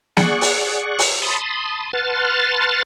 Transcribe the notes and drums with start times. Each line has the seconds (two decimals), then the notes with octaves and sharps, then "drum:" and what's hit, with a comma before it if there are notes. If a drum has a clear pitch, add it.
0.17 G#4 D5 F#5 C#6, drum: snare
0.41 drum: open hi-hat
0.99 drum: open hi-hat
1.22 A5 B5 C6 D#6
1.93 B4 F#5 A5 C6 F6 A6